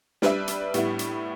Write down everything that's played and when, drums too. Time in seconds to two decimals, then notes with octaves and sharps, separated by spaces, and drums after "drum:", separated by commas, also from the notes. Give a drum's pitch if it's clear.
0.22 G3 D4 B4 E5, drum: snare
0.48 drum: hi-hat
0.74 A2 G3 B3 E4, drum: hi-hat
0.99 drum: hi-hat